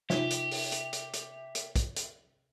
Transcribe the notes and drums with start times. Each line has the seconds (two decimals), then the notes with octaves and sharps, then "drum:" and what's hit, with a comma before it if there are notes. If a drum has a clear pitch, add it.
0.10 C3 D#4 F4 G4 E5, drum: snare
0.31 drum: hi-hat
0.51 drum: open hi-hat
0.72 drum: hi-hat
0.93 drum: hi-hat
1.13 drum: hi-hat
1.55 drum: hi-hat
1.76 drum: kick, hi-hat
1.96 drum: hi-hat